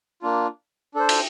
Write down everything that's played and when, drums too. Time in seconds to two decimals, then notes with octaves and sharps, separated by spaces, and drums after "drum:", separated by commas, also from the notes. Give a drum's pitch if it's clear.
0.22 A#3 D4 F4
0.94 D4 A4 C5
1.09 drum: cymbal